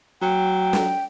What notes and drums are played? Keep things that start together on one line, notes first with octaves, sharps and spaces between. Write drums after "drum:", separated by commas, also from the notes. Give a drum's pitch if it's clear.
F#3 G5
drum: snare